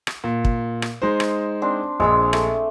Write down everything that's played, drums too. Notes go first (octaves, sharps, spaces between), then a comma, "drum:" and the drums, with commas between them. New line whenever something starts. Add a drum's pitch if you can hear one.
drum: rim click
A#2
drum: kick
drum: rim click
G#3 D#4 C5
drum: rim click
C4 D4 G5
A#1 G#3 D6 E6
A3, drum: rim click